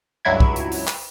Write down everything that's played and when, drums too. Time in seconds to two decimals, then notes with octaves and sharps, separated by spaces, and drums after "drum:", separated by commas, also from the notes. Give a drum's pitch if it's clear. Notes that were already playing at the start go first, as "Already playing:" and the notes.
0.25 C#2 G2 F#3 E4 G#6
0.40 drum: kick B1
0.56 drum: hi-hat
0.72 drum: open hi-hat
0.87 drum: clap